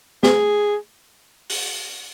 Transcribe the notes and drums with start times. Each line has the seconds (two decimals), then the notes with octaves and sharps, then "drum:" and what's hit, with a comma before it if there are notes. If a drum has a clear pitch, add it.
0.23 G#4, drum: snare
1.50 drum: open hi-hat